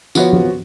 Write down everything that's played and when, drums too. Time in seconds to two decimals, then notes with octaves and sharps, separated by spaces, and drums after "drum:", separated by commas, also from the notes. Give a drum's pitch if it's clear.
0.15 F3 B3 F#4 C#5, drum: tambourine
0.33 drum: tom F3